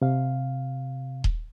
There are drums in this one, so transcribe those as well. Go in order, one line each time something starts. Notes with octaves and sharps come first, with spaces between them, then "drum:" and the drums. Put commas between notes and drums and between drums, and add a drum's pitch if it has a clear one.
C3 F5
drum: kick D#1